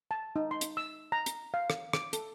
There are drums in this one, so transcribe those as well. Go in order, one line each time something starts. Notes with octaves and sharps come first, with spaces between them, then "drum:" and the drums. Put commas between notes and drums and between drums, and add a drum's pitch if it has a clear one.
A5
D#4
C6
drum: hi-hat
E6
A#5
drum: hi-hat
F5
drum: rim click
D6, drum: rim click
A4, drum: hi-hat